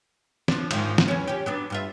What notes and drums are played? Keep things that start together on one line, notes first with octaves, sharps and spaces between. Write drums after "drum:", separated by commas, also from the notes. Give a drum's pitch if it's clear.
F3 D4, drum: snare
G#2 D#3 F3, drum: cymbal
drum: snare
E2 C#4
C#4 G4
F#3 B3 D4
G2 F4 E5